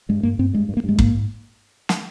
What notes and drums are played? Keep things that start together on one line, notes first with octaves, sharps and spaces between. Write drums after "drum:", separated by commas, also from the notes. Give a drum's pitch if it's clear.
G2 G#3
G2 A#3
G2 C4
G2 G#3
G2
A#3
G2 G#3
G#2 A#3, drum: kick
G#2
drum: snare